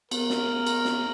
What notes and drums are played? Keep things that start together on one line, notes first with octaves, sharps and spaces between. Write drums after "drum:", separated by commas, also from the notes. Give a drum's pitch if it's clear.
B3 A#4, drum: cymbal
drum: snare
drum: cymbal
drum: snare